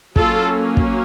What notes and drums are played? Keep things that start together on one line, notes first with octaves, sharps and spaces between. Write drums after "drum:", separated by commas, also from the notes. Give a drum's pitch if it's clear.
F#3 A#3 C#4 F4 A4, drum: kick
drum: kick